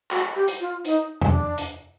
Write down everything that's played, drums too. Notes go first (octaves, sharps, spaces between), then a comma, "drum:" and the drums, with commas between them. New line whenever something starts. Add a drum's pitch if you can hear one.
F#4, drum: clap
G4
drum: hi-hat
F4
D#4, drum: hi-hat
D4, drum: tom E2
drum: hi-hat